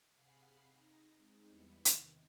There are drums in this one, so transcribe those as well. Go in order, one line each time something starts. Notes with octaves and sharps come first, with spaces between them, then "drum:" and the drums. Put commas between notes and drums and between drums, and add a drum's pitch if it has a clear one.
C3 G#4 F5 F#5 B5 C7
D#4 A#6
G#3 C4 D#4
E2 G3 B3 E4 B5 C#7
C3 D#3, drum: hi-hat